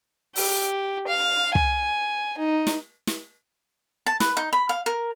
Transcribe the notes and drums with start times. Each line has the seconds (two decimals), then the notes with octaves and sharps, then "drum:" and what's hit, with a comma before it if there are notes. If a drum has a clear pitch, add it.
0.36 G4, drum: open hi-hat
1.07 F5
1.55 G#5, drum: kick
2.38 D#4
2.67 drum: snare
3.07 drum: snare
4.06 A5
4.20 B4, drum: snare
4.37 D#4
4.53 B5
4.69 F5
4.86 A#4